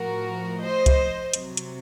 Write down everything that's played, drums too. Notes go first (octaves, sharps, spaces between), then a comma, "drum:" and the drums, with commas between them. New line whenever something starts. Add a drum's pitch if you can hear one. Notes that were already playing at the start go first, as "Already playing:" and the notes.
Already playing: A2 F3 F#4 A#4
C5 D#5
drum: kick C2, hi-hat
C3 F#3, drum: hi-hat
drum: hi-hat